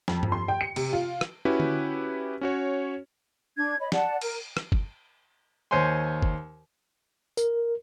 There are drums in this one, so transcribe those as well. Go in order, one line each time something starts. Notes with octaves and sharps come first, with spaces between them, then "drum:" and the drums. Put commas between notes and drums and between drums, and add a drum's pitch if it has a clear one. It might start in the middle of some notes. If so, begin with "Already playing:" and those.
F2, drum: snare
drum: tom G2
C6
G5
C#7
C3, drum: cymbal
F4
drum: rim click
C#4 E4 F#4 G4 B4
drum: tom D3
C#4 F#4 C#5
D4 G#6
C#5 D#5 B5
D5 F#5 A5, drum: snare
A#4, drum: cymbal
drum: rim click
drum: kick G1
D#2 C5 C#5 G#5 C6
drum: kick G1
A#4, drum: tambourine